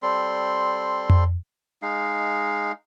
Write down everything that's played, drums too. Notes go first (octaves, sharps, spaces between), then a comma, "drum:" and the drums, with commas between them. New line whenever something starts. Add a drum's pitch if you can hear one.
G3 C4 A4 C6
drum: tom F2
G#3 D#4 F5